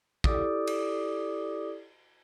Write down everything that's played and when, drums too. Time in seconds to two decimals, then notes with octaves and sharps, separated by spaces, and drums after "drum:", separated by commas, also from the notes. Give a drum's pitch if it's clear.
0.24 E4 G4 A4 D5 D6 D#6, drum: kick
0.67 drum: cymbal